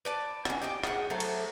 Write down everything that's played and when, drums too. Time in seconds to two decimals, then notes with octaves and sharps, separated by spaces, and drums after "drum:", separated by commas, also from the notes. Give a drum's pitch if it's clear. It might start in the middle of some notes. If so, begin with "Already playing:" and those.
0.05 B4 D5 A5
0.45 C4 C#4, drum: rim click
0.62 G4 D5 D#5 G5
0.84 G#4 F#5, drum: rim click
1.10 F#3 A3 A4 C5
1.20 drum: cymbal